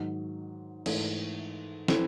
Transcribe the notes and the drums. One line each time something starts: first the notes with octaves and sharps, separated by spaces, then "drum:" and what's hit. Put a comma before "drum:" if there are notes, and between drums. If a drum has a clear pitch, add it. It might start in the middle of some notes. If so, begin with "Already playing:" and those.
Already playing: G#2 D#3 F#3
G#2 E3 A3, drum: cymbal
E3 C4 E4 A4, drum: snare